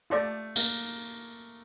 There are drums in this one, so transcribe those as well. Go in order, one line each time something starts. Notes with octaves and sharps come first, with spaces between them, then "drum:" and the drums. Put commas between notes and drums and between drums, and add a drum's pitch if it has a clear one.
A3 F4 A4 D5
A#3, drum: tambourine